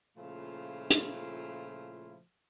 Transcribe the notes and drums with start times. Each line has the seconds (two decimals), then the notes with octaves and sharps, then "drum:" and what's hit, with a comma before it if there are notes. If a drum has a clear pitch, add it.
0.17 A#2 C#3 F3 A3 E4 F4
0.90 drum: hi-hat